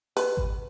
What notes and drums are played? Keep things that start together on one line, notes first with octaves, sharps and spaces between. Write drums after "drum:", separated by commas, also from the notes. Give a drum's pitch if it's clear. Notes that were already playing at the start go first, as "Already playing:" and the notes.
B4, drum: open hi-hat
drum: kick G#1